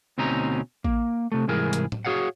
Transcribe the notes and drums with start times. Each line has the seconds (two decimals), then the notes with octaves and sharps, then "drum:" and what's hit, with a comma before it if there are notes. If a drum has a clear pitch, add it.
0.18 D2 B2 C4 C#4 D#4 A#5
0.84 A#3, drum: kick A1
1.32 C3 A3
1.48 C2 G#2 E3 G#4 A#4
1.73 drum: hi-hat
1.92 drum: tom A2
2.05 F#4 G#4 C#5 F5 F#5